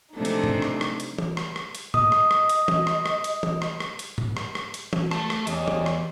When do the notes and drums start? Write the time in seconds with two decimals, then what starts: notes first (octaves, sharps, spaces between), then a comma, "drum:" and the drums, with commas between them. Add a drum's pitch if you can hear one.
0.14 C3 F3 G#3 A3 D4 D#4
0.25 drum: hi-hat
0.44 drum: tom G#2
0.62 drum: rim click
0.81 drum: rim click
1.00 drum: hi-hat
1.18 drum: tom E3
1.37 drum: rim click
1.56 drum: rim click
1.75 drum: hi-hat
1.94 D#5 D#6, drum: tom G#2
2.12 drum: rim click
2.31 drum: rim click
2.49 drum: hi-hat
2.68 drum: tom E3
2.87 drum: rim click
3.06 drum: rim click
3.24 drum: hi-hat
3.43 drum: tom E3
3.62 drum: rim click
3.80 drum: rim click
3.99 drum: hi-hat
4.18 drum: tom G#2
4.37 drum: rim click
4.55 drum: rim click
4.74 drum: hi-hat
4.93 drum: tom E3
5.11 A3 A5, drum: rim click
5.30 drum: rim click
5.47 E2 C#4 G4 D#5, drum: hi-hat
5.68 drum: tom E3
5.86 drum: rim click